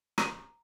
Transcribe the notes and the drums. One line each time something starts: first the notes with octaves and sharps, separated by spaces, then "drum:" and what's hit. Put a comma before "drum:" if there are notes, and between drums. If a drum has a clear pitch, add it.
A#5, drum: rim click